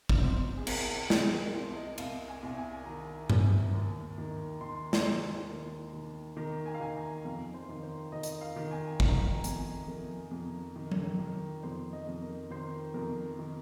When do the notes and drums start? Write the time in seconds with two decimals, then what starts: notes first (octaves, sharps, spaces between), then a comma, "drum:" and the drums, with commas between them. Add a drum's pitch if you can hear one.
0.09 drum: kick
0.22 C3 C5
0.57 G#4
0.67 C2 A#4, drum: cymbal
1.10 C2 G#4, drum: snare
1.32 A#4
1.54 C2 C5
1.76 D#5
1.98 C2 F5, drum: cymbal
2.28 G#5
2.43 C2
2.57 G#5
2.86 D#3 A#5
3.30 C3, drum: tom G2
3.74 D#2
4.18 D#3
4.61 D#3 C6
4.93 drum: snare
5.05 D#2
5.49 D#3
5.93 D#3
6.37 D#3 A#5
6.66 G#5
6.75 F5
6.80 D#3 G#5
6.96 A#5
7.25 F2 F5
7.54 C5
7.69 D#3
7.83 C5
8.12 D#3 D#5
8.23 drum: hi-hat
8.41 F5
8.56 D#3
8.71 G#5
9.00 D#3 A#5, drum: kick
9.44 F2 G#5, drum: hi-hat
9.88 F2 A#4
10.31 F2
10.76 D#3
10.92 drum: tom F#3
11.19 D#3
11.63 F2 C5
11.93 D#5
12.07 F2
12.22 A#4
12.50 D#3 C5
12.94 F2 A#4
13.39 D#3